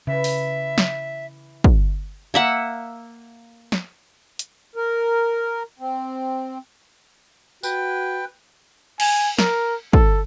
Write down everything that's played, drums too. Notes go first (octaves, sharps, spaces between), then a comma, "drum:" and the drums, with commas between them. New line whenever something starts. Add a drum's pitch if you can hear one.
C#3 E3 E5
drum: open hi-hat
drum: snare
drum: kick
A#3 E5 F#5
drum: snare
drum: hi-hat
A#4
C4
F#4 B4 G5, drum: tambourine
G#5, drum: cymbal
A#4, drum: snare
A4, drum: kick